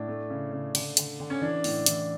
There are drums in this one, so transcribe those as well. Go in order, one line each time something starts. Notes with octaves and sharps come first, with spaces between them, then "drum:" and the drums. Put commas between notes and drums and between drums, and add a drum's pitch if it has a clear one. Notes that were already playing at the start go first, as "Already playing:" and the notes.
Already playing: A2 D4
A3
C#3
C#3
D3, drum: cymbal
D3, drum: hi-hat
D3
C#4
E3 D4
A2, drum: open hi-hat
E3, drum: hi-hat